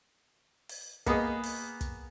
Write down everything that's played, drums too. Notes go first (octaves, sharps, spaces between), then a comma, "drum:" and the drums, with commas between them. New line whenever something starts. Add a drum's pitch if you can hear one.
drum: open hi-hat
A#3 B3 G#4 D#5, drum: kick, hi-hat
drum: open hi-hat
drum: kick, hi-hat